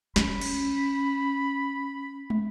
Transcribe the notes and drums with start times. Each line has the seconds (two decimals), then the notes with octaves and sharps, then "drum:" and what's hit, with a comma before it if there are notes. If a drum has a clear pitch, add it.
0.16 C#4 B5, drum: snare
0.41 drum: cymbal
2.30 drum: tom